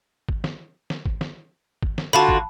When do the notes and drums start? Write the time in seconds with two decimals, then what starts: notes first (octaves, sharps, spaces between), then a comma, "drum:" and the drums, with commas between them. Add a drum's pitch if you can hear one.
0.29 drum: kick
0.44 drum: snare
0.90 drum: snare
1.06 drum: kick
1.21 drum: snare
1.83 drum: kick
1.98 drum: snare
2.13 D3 F4 F#4 A5 B5
2.29 drum: kick